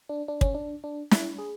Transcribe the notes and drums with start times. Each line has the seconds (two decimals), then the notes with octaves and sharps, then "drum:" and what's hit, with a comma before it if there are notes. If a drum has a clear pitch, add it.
0.09 D4
0.28 D4
0.41 C#4, drum: kick
0.55 D4
0.84 D4
1.11 E4, drum: snare
1.38 G#4